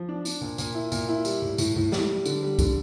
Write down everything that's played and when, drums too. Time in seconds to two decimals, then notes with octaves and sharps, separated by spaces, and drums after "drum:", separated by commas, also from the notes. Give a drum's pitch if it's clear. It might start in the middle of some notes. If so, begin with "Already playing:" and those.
Already playing: F3
0.09 D4
0.25 D4, drum: tambourine
0.41 A#2
0.58 A#2, drum: tambourine
0.75 E4
0.92 A#2, drum: tambourine
1.09 E4
1.25 G3, drum: tambourine
1.42 A2
1.58 A2, drum: tambourine
1.76 A2
1.92 G3, drum: snare
2.09 G3
2.25 D3, drum: tambourine
2.43 G3
2.59 D3, drum: kick B1, tambourine